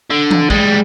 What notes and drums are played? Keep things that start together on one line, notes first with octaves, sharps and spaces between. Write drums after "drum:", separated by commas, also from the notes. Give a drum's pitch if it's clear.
D3
drum: tom E3
G3 G#3, drum: kick